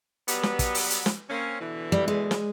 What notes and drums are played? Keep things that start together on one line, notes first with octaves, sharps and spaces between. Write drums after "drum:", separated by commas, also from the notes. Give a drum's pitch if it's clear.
F#3 G3 B3, drum: hi-hat
drum: snare
drum: kick, hi-hat
drum: open hi-hat
drum: hi-hat
drum: snare
A#3 C4 C#4
B2 D3 E3
G3
G#3
drum: snare